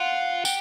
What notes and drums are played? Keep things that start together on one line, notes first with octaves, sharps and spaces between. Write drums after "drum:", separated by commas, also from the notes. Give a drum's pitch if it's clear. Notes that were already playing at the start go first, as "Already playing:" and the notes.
Already playing: F4 F#5
G4, drum: tambourine